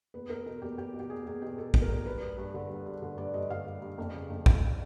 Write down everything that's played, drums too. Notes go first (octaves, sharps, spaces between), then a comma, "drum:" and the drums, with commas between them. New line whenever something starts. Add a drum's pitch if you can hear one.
E2 B4
E2 A#4
B2 A4
E2 G4
E2 G4
B2
G4
E2 G#4
E2 G#4
B2 G4
B2 A4
B2, drum: kick
A#4
E2
G2 B4
G2
G2
D3
G2
G2
D3
G2 D5
G2 D#5
D3 F5
G2
G2
F2
C#3
F2
F2, drum: kick